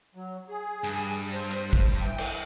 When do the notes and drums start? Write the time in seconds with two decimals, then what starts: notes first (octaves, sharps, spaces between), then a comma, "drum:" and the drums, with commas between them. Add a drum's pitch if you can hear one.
0.15 F#3
0.49 G#4
0.84 G2, drum: hi-hat
1.33 C5
1.51 drum: cymbal
1.73 drum: kick
2.01 E3 G5
2.18 drum: cymbal